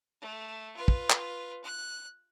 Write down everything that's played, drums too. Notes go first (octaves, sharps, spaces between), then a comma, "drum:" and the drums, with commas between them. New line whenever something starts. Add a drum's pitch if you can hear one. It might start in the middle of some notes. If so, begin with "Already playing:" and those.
A3
F4 B4
drum: kick
drum: clap
F#6